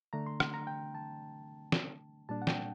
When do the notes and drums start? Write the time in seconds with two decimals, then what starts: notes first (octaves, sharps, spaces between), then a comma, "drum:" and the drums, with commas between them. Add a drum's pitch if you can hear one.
0.13 D3 A3 D4 A#5
0.26 C6
0.40 C6, drum: rim click
0.54 A#5
0.67 G5
0.95 A5
1.72 drum: snare
2.29 A#2 G3 A#3 D4 A5
2.42 F#5
2.47 G5, drum: snare